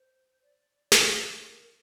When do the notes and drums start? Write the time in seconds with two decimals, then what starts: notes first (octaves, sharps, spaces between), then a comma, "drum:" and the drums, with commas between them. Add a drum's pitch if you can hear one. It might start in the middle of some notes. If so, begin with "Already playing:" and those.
Already playing: C5
0.42 D5
0.92 A#4, drum: snare
1.32 G#4
1.43 A#4
1.60 A#4